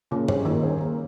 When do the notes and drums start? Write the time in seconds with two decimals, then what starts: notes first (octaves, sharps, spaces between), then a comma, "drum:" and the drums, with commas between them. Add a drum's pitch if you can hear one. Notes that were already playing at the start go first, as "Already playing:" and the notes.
0.11 A#2 C#3
0.28 G3 C#4 G#4 C5, drum: tom G2
0.45 A#2 D#3
0.63 G3 C#4 G#4 C5
0.80 A#3